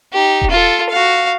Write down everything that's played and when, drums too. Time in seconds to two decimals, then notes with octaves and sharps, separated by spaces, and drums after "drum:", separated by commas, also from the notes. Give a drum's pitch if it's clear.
0.13 D#4 G4
0.42 drum: kick D#1
0.51 F4 A4
0.90 F#4 F5